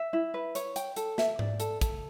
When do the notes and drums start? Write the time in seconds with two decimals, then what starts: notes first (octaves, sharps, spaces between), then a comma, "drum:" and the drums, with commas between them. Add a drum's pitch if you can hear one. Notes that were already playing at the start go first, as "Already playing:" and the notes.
Already playing: E5
0.13 E4
0.34 B4
0.55 C#5, drum: hi-hat
0.76 G5, drum: hi-hat
0.96 A4, drum: hi-hat
1.18 E5, drum: snare
1.39 D5, drum: tom G#2
1.60 A4, drum: hi-hat
1.81 A4, drum: kick, hi-hat